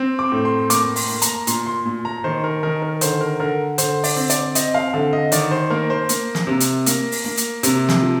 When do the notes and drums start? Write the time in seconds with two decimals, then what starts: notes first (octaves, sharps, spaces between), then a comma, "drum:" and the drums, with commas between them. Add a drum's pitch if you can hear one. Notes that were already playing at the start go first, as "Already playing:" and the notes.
Already playing: C4
0.19 D6
0.32 A2
0.45 C6
0.70 A#3 D6, drum: hi-hat
0.96 C6, drum: open hi-hat
1.09 A#3
1.22 A#5, drum: hi-hat
1.47 A#2 C6, drum: hi-hat
1.66 C6
1.85 A#2
2.05 A#5
2.24 D#3 C5
2.44 A#4
2.63 D#3 A#4
2.82 A#4
3.01 D3 C5, drum: hi-hat
3.21 A#4
3.40 D3 A#4
3.78 D3 C5, drum: hi-hat
4.04 D5, drum: open hi-hat
4.17 C4
4.30 D5, drum: hi-hat
4.55 C4 D#5, drum: hi-hat
4.74 F5
4.93 D3 F5
5.13 D#5
5.32 D#3 D5, drum: hi-hat
5.51 C5
5.70 A#3 A#4
5.90 C5
6.09 A#3, drum: hi-hat
6.35 drum: snare
6.47 C3
6.60 drum: hi-hat
6.86 A#3, drum: hi-hat
7.12 drum: open hi-hat
7.25 A#3
7.37 drum: hi-hat
7.63 C3, drum: hi-hat
7.89 drum: snare
8.02 F3